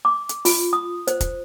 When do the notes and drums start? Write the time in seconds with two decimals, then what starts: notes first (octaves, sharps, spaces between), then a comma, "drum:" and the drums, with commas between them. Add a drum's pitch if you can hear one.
0.05 D6
0.29 drum: hi-hat
0.45 F4, drum: open hi-hat
0.73 D#6
1.07 C5, drum: hi-hat
1.20 drum: kick, hi-hat